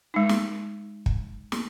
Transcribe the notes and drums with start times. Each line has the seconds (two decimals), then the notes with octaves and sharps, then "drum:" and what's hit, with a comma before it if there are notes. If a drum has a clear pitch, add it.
0.14 G#3 D#4
0.29 drum: snare
1.06 drum: kick
1.52 drum: snare